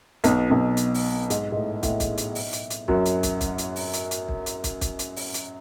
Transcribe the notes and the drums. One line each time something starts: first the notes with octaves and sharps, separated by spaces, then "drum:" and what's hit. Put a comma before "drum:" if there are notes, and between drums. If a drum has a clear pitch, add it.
B1 B2, drum: hi-hat
B1 B2
drum: hi-hat
drum: open hi-hat
G#2, drum: hi-hat
G#2
A2
A2, drum: kick, hi-hat
drum: kick, hi-hat
drum: hi-hat
drum: open hi-hat
drum: hi-hat
drum: hi-hat
F#2 F#3, drum: kick
drum: hi-hat
drum: kick, hi-hat
drum: kick, hi-hat
drum: hi-hat
drum: open hi-hat
drum: hi-hat
drum: hi-hat
drum: kick
drum: hi-hat
drum: kick, hi-hat
drum: kick, hi-hat
drum: hi-hat
drum: open hi-hat
drum: hi-hat